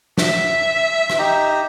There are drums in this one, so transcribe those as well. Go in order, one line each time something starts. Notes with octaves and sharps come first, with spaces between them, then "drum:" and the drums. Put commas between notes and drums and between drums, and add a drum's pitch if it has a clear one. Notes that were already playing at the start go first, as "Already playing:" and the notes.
E5, drum: snare
drum: rim click
D#4 G4 A#5